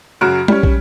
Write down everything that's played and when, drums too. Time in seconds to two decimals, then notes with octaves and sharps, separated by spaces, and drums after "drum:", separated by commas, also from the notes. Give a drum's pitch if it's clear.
0.21 F#2 C#3 F#3 F#4 F6 D7
0.48 G3 C#4, drum: tom G#3
0.63 drum: kick